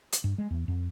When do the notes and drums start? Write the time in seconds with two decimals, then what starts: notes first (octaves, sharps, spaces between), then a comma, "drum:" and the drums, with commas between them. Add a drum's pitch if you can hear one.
0.12 drum: hi-hat
0.24 G2
0.38 G#3
0.51 E2
0.68 F2